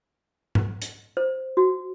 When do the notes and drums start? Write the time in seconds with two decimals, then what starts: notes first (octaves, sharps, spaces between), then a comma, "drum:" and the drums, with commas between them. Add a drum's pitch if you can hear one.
0.55 drum: tom G#2
0.82 drum: hi-hat
1.17 C5
1.57 F#4